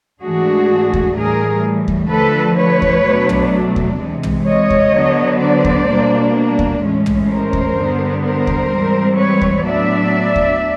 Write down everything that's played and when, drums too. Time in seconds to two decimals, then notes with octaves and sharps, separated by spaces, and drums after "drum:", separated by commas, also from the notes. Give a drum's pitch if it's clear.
0.23 G#2 E3 A3 D4 F#4 G#4
0.94 drum: kick D#2
1.17 A2 E3 G3 G#4 A#4
1.88 drum: kick D#2
2.11 D3 F3 A3 A4 B4
2.58 B4 C#5
2.82 drum: kick D#2
3.06 B2 F#3 A3 D4
3.29 drum: tom
3.76 drum: kick D#2
3.99 C3 E3 G#3
4.23 drum: tom
4.47 C#5 D#5
4.70 drum: kick D#2
4.94 D3 F#3 B3 D4
5.41 C5 D5
5.65 drum: kick D#2
5.89 B2 G3 A#3 D4
6.59 drum: kick D#2
6.82 A2 E3 G#3 C#4
7.06 drum: tom
7.30 A#4 C5
7.53 drum: kick D#2
7.77 G2 D3 G3 B3
8.23 A#4 C5
8.47 drum: kick D#2
8.71 G#2 E3 G3 C4
9.17 B4 C#5
9.42 drum: kick D#2
9.65 A2 F#3 B3 D4 D5 E5
10.36 drum: kick D#2